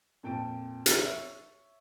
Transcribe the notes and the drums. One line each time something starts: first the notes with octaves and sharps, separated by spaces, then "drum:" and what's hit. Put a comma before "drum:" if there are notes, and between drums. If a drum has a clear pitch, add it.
F2 A#2 G5 A5 D7
drum: hi-hat
C#5 E5